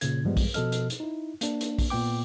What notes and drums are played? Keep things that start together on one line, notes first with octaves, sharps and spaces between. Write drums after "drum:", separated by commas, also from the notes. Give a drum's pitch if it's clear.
A#2 C#3 G#6, drum: hi-hat
G2 E3 F3 G3 G#3 B3
drum: kick A#1, open hi-hat
B2 F3 A4 D#5 F6, drum: hi-hat
drum: hi-hat
drum: hi-hat
D#4 E4
A#3 D4, drum: hi-hat
drum: hi-hat
drum: kick A#1, open hi-hat
A#2 B3 G5 D6